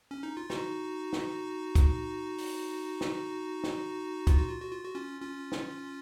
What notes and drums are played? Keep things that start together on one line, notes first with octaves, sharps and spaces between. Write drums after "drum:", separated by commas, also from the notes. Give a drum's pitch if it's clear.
C#4
D#4
F4
D#4 F#4, drum: snare
drum: snare
drum: kick, hi-hat
drum: open hi-hat
drum: snare
drum: snare
F4, drum: kick, hi-hat
F#4
F4
F#4
F4
F#4
C#4 F4
C#4 F4
drum: snare